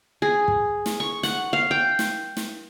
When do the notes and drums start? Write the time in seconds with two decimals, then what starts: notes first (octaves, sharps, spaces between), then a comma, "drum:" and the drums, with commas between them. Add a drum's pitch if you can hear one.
0.22 G#4
0.48 drum: kick
0.86 drum: snare
1.00 C#6
1.23 F#5, drum: snare
1.53 F5
1.71 G5
1.99 drum: snare
2.37 drum: snare